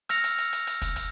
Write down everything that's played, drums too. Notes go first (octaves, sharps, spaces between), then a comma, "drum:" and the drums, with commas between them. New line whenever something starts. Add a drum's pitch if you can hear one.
E6 F6 A#6 C#7 F7, drum: hi-hat
drum: hi-hat
drum: hi-hat
drum: hi-hat
drum: hi-hat
drum: kick, hi-hat
drum: hi-hat